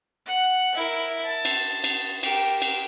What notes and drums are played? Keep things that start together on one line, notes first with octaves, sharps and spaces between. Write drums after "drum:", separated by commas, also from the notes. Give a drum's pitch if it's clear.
F#5
E4 A#4
A5
drum: cymbal
drum: cymbal
G4 A#4, drum: cymbal
drum: cymbal